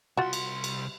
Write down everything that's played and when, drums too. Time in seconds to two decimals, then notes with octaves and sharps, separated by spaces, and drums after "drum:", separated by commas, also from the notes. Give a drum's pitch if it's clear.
0.17 C2 F4 F#4 C6
0.33 drum: cymbal
0.64 drum: cymbal